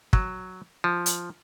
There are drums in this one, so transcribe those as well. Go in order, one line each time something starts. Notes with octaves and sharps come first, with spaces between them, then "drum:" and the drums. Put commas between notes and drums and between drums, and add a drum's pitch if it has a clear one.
F#3, drum: kick
F3
drum: hi-hat